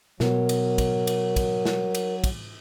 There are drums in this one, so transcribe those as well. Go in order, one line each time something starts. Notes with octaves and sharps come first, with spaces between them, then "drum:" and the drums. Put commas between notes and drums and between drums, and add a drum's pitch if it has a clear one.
B2 F#3 B3 A#4, drum: snare
drum: cymbal
drum: kick, cymbal
drum: cymbal
drum: kick, cymbal
drum: snare
drum: cymbal
drum: kick, cymbal